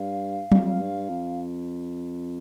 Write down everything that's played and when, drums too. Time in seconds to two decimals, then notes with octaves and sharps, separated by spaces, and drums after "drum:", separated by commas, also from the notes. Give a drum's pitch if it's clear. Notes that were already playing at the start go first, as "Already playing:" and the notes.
Already playing: G2 F5
0.52 F2, drum: tom F#3
0.80 G2
1.09 F2